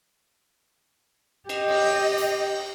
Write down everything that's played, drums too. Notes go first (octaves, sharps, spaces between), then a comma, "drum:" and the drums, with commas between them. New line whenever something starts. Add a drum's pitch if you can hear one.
G4 D#5, drum: cymbal
drum: cymbal
drum: hi-hat